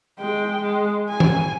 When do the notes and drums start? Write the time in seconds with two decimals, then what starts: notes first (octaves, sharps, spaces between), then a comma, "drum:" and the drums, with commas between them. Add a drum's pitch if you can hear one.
0.19 G#3 G5
0.61 G#3
1.10 G#5
1.20 drum: tom E3